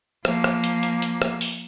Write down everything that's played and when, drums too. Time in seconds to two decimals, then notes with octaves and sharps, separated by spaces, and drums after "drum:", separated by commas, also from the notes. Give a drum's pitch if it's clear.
0.25 F3 A#3, drum: rim click
0.44 drum: rim click
0.64 drum: hi-hat
0.83 drum: hi-hat
1.02 drum: hi-hat
1.22 drum: rim click
1.41 drum: open hi-hat